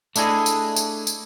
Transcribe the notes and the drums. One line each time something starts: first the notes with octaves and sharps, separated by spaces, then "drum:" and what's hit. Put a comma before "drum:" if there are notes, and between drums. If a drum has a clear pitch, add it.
A3 D4 E4 G#4 D#5, drum: tambourine
drum: tambourine
drum: tambourine
drum: tambourine